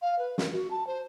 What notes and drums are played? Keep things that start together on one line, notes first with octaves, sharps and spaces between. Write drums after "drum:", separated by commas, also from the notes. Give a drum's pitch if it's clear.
F5
B4
A#4, drum: snare
F#4
A5
C5